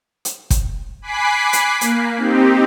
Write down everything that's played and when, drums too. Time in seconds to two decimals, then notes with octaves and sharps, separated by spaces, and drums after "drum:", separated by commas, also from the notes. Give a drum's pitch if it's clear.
0.25 drum: hi-hat
0.50 drum: kick, hi-hat
1.02 G#5 B5 D6 F#6 B6 C7
1.53 drum: hi-hat
1.81 A#3, drum: hi-hat
2.18 C4 D#4 G4